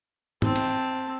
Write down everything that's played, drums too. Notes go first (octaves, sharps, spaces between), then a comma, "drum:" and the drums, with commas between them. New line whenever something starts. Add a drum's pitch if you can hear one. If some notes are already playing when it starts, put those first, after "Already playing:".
C4 A5, drum: tom
drum: cymbal